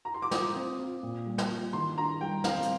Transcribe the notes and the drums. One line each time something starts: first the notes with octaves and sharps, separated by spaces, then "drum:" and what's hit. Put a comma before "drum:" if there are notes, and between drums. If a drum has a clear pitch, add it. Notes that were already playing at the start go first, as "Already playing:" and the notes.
A#5
C6
D6
F4 D#6, drum: snare
C4
F4
A#2
G3
drum: snare
F4
D#3 C6
D4 A#5
G3 G5
C4 F5, drum: snare
drum: hi-hat